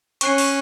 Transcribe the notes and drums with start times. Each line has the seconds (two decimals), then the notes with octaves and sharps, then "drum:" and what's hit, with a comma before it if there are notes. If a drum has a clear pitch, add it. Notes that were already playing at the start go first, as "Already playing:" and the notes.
0.21 C#4 C#6 F#6 C7, drum: hi-hat
0.38 drum: open hi-hat